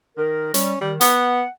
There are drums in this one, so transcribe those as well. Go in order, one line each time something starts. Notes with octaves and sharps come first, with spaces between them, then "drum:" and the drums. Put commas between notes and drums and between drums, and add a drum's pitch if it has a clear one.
D#3 A#4
G3 C#4, drum: hi-hat
D#3 G3
B3 F#5, drum: hi-hat